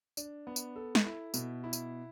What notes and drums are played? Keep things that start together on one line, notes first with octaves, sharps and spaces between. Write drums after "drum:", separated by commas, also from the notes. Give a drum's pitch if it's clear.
D4, drum: tambourine
B3
drum: tambourine
A4
drum: snare
E4
B2, drum: tambourine
E4
drum: tambourine